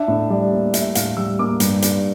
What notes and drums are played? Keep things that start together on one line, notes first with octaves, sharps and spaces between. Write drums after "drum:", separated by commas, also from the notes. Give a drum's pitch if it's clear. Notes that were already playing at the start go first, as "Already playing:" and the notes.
Already playing: D4 E5
A2
G3 D5
A#3
D4 E5, drum: hi-hat
A2 F5, drum: hi-hat
G3 E6
A#3 D6
G2, drum: hi-hat
G2, drum: hi-hat